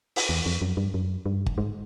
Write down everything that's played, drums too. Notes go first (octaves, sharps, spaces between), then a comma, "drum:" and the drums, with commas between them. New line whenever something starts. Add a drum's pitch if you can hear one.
drum: open hi-hat
E2
F2
F#2
G2
F#2
G2
drum: kick G1
G#2